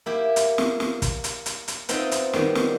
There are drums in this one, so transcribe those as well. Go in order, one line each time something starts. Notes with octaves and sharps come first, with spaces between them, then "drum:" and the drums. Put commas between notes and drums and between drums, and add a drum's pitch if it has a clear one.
A#3 E4 G4
drum: hi-hat
drum: snare
drum: snare
drum: kick, hi-hat
drum: hi-hat
drum: hi-hat
drum: hi-hat
B3 C4 D#4 F4 D#5 E5, drum: hi-hat
drum: hi-hat
D#3 G3 B3, drum: snare
drum: snare